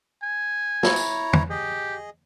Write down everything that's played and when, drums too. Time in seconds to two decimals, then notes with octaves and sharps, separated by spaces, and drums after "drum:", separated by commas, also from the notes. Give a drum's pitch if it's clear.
0.23 G#5
0.83 E4 C#5 A#5, drum: snare
0.96 drum: tambourine
1.33 drum: tom
1.50 G4 G#4 D#5